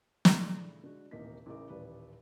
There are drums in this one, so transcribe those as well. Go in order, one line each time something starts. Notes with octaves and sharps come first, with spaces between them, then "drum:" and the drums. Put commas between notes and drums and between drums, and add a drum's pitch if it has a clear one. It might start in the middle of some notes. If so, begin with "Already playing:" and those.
A#2 C#3 A3 D4 E4 C6, drum: snare
D3 G#3 F#4
D#1 A1 C3 A#3 D#4 B6
A1 C#3 E3 D#4 A#4 D6
D#1 A1 G3 B4 D5